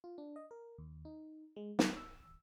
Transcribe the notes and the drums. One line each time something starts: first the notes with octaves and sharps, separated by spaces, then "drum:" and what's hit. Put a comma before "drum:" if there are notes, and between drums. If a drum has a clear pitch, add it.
F4
D4
D#5
A#4
D#2
D#4
G#3
B3, drum: snare
E6